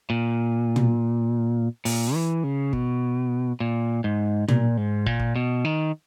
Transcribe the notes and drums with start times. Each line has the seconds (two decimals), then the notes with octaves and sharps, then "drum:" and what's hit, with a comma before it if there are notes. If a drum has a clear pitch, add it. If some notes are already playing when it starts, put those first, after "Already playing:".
0.10 A#2
0.76 drum: tom
1.85 A#2, drum: open hi-hat
2.14 E3
2.44 C#3
2.73 B2, drum: kick
3.60 A#2
4.04 G#2
4.48 A#2, drum: tom
4.77 G#2
5.06 A#2, drum: kick
5.20 drum: kick
5.36 B2
5.65 D#3